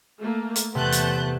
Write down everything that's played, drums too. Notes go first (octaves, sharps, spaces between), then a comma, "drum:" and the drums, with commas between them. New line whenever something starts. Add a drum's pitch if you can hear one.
A3 A#3
drum: hi-hat
E2 C3 A3 B3 A5 F#6 G6
drum: hi-hat